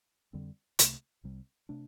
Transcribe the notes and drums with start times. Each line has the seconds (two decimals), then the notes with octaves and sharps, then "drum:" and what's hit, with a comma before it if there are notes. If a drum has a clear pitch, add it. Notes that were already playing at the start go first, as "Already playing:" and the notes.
0.33 F2 D3 G3 C4
0.79 C2 C3 A3, drum: hi-hat
1.24 C2 C3 G3
1.69 C3 A3 D4